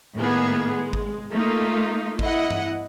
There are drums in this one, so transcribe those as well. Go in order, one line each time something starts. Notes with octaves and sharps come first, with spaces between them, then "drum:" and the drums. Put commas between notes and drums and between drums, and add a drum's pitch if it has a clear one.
A2 D#3 A#3 B3 G#4
G#3
drum: kick G#1
A3 A#3 D#4 F4
E4 D#5 F#5, drum: kick G#1
drum: tom G2